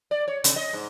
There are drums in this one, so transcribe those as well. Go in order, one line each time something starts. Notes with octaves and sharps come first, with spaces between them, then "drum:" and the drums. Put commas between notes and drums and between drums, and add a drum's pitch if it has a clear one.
D5
C#5
C3, drum: hi-hat
D#5
G#2